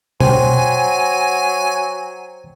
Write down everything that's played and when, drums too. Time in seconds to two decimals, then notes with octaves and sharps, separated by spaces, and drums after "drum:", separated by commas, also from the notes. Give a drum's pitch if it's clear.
0.20 F#3 C5 G5 G#5, drum: tom B2